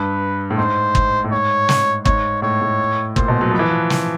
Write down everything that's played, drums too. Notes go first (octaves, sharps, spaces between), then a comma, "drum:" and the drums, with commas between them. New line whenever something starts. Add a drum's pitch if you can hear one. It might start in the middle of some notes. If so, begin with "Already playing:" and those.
Already playing: G2 B4
A2
G#2 C5
drum: kick
A2
G#2 C#5
drum: snare
G#2 C#5, drum: kick
A2 C#5
A2
A#2 C5, drum: kick
B2
F#3
F3 B4
E3
F3
drum: snare